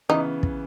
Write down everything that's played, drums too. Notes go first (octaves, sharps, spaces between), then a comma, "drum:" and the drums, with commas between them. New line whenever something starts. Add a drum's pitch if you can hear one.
C#3 E3 B3 D#4
drum: kick